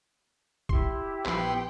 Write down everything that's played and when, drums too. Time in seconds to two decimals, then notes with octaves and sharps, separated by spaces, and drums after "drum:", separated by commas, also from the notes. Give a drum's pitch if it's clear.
0.69 E4 G4 C6, drum: kick A#1
1.26 A#1 F3 B3 G5 B5 C6, drum: clap